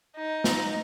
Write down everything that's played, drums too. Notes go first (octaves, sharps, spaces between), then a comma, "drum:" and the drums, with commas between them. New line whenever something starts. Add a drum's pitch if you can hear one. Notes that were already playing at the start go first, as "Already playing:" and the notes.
D#4
drum: snare